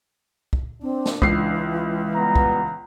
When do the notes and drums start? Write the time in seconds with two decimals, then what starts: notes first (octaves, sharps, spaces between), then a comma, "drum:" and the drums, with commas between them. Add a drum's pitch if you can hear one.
0.53 drum: kick
0.83 C4 D4
1.06 drum: snare
1.22 C#2 E3 C7, drum: kick
2.15 G3 B3 A#5
2.36 drum: kick